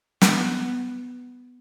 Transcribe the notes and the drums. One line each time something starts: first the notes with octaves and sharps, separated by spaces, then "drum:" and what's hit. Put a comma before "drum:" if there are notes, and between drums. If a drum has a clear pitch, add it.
B3, drum: snare